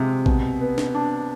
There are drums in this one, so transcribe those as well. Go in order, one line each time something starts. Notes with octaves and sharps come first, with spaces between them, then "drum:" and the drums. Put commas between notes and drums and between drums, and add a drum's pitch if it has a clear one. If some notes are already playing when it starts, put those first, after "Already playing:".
Already playing: C3 F3 G#3
B2, drum: kick
B3
drum: snare
D4